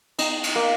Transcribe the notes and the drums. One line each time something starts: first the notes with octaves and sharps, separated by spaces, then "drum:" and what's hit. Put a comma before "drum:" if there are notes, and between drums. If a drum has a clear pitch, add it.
D#4, drum: cymbal
drum: cymbal
A#3